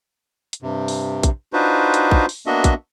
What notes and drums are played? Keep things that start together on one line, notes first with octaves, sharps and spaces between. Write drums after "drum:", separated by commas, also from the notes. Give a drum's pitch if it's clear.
drum: hi-hat
G2 C3
drum: open hi-hat
drum: kick, hi-hat
D4 D#4 F4 F#4 B4 C5
drum: hi-hat
drum: kick
drum: open hi-hat
A#3 B3 D4 F#4 D#5 E5
drum: kick, hi-hat